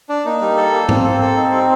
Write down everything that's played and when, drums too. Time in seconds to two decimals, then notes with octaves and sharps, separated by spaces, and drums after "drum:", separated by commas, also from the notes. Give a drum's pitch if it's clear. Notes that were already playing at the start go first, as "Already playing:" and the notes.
0.09 D4
0.25 A#3 D#4
0.41 G3
0.57 A4
0.73 A#3
0.89 A#3 C4, drum: tom G#2
1.04 A4
1.21 A4
1.36 D#4
1.52 G3